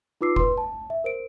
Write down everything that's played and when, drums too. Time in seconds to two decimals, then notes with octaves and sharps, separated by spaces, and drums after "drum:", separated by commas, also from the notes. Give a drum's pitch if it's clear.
0.21 D#4 F4 B4 D6 E6 C7
0.36 B4 C6, drum: kick F1
0.58 A5
0.90 E5
1.04 A#4 C5 D7